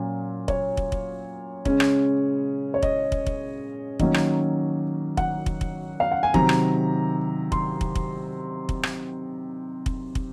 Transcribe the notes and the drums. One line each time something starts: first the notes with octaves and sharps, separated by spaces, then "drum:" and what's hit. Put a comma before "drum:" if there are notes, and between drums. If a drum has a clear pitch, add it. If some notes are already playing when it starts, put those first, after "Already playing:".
Already playing: A#2 F#3 C#4
C#5, drum: kick
drum: kick
drum: kick
C#3 G#3 C#4, drum: kick
drum: rim click
C#5
D#5, drum: kick
drum: kick
drum: kick
D#3 F#3 A#3 C#4 D#5, drum: kick
drum: rim click
F#5, drum: kick
drum: kick
drum: kick
F5
F#5
G#5
C3 D#3 F#3 A#5, drum: kick
drum: rim click
C6, drum: kick
drum: kick
drum: kick
drum: kick
drum: rim click
drum: kick
drum: kick